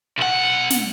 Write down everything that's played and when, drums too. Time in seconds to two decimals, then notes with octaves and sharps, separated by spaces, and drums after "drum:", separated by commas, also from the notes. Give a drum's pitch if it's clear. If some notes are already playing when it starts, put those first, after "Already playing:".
0.18 B1 F#5
0.70 drum: snare